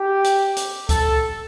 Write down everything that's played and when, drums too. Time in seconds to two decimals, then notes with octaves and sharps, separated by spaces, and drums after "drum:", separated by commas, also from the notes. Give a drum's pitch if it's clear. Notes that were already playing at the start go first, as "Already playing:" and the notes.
Already playing: G4
0.24 drum: hi-hat
0.57 drum: hi-hat
0.89 A4, drum: kick C#2, hi-hat